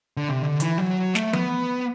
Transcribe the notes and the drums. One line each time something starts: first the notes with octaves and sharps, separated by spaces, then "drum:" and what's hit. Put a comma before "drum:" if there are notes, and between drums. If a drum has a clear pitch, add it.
D3
C3
D3
E3, drum: hi-hat
F#3
A3, drum: snare
B3, drum: tom F3